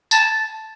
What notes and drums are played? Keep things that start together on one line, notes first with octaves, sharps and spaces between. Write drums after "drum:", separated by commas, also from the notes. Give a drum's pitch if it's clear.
A5, drum: tambourine